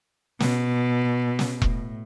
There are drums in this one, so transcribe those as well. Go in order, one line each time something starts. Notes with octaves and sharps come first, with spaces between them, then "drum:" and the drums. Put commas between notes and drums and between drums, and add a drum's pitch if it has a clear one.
B2, drum: snare
drum: snare
A2, drum: kick E1